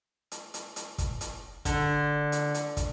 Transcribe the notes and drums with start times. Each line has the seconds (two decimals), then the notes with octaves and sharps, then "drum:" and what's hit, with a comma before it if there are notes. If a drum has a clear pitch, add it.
0.32 drum: hi-hat
0.54 drum: hi-hat
0.76 drum: hi-hat
0.98 drum: kick, hi-hat
1.21 drum: hi-hat
1.65 D3, drum: kick, hi-hat
2.32 drum: hi-hat
2.54 drum: hi-hat
2.77 drum: kick, hi-hat